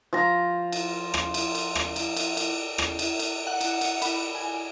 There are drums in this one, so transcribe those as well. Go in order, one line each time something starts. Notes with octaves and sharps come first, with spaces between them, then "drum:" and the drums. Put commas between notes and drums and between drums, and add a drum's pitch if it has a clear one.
F3 A#5
drum: cymbal
drum: rim click
drum: cymbal
drum: cymbal
drum: rim click
drum: cymbal
drum: cymbal
drum: cymbal
drum: rim click
drum: cymbal
drum: cymbal
F#5
drum: cymbal
drum: cymbal
B5, drum: cymbal
G#5